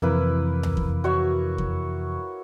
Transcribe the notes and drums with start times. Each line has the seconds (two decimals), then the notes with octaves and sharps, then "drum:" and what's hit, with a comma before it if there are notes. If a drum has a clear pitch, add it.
0.02 F2 C3 E3 A#3 E4 B4
0.63 drum: tom C#2
0.77 drum: kick E2
1.04 F#4 C#5 E5
1.58 drum: kick E2